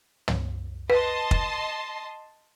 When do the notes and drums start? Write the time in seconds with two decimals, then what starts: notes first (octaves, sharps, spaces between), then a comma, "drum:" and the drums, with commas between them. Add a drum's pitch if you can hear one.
0.28 drum: tom
0.90 B4 D#5 A5 C6
1.31 drum: kick